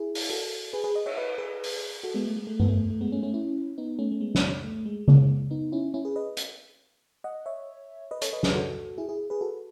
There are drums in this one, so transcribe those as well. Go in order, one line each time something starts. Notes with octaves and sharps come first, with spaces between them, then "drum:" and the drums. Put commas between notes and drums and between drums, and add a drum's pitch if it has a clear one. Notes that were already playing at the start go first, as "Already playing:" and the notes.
Already playing: E4 G#4
drum: open hi-hat
F#4 A4
G#4 B4
G#4 B4
B4 D#5
C#5 E5, drum: cymbal
B4 D#5
G#4 B4
drum: open hi-hat
F#4 A4
G#3 B3
A3
G#3
A3
B3, drum: tom G2
A3
A3
G#3 B3
A3 C#4
A3 C#4
C#4 E4
B3 D#4
A3 C#4
A3
G#3 B3
drum: snare
A3
G#3
G#3, drum: tom C#3
B3 D#4
C#4 E4
C#4 E4
G#4 B4
B4 D#5
drum: hi-hat
D#5 F#5
C#5 E5
B4 D#5
A4 C#5, drum: hi-hat
B4 D#5
G#4 B4, drum: snare
F#4 A4
E4 G#4
E4 G#4
G#4 B4
F#4 A4